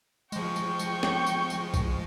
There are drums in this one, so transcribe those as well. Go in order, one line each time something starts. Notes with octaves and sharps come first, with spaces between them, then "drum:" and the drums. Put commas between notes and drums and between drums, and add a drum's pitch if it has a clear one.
F3 G#3 G5 C#6, drum: tambourine
drum: tambourine
drum: tambourine
drum: snare C4
drum: tambourine
drum: tambourine
drum: kick A#1, tambourine